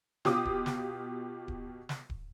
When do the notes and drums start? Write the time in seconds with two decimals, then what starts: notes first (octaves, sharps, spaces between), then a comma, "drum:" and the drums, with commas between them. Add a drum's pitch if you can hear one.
0.25 B2 F4 G4 D6 D#6, drum: snare
0.45 drum: kick D1
0.66 drum: snare
1.48 drum: kick D1
1.89 drum: snare
2.10 drum: kick D1